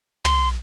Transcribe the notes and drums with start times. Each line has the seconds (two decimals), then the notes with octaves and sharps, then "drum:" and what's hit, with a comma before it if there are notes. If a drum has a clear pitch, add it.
0.25 C6, drum: tom